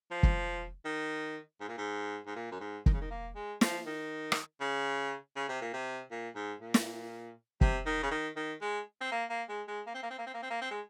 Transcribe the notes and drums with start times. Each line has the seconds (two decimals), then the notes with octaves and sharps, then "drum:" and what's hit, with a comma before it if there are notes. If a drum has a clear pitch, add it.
0.11 F3
0.23 drum: kick
0.85 D#3
1.61 G#2
1.69 A#2
1.78 G#2
2.27 G#2
2.36 A#2
2.52 F#2
2.61 G#2
2.86 D#3, drum: kick
2.93 C#3
3.01 D#3
3.11 A#3
3.36 G#3
3.61 F3, drum: snare
3.86 D#3
4.32 drum: rim click
4.61 C#3
5.36 C#3
5.49 C3
5.61 A#2
5.74 C3
6.11 A#2
6.36 G#2
6.61 A#2
6.74 drum: snare
7.61 C3, drum: kick
7.86 D#3
8.03 C#3
8.11 D#3
8.36 D#3
8.62 G#3
9.01 C4
9.12 A#3
9.30 A#3
9.49 G#3
9.68 G#3
9.86 A#3
9.95 C4
10.03 A#3
10.11 C4
10.19 A#3
10.27 C4
10.34 A#3
10.43 C4
10.51 A#3
10.62 C4
10.71 G#3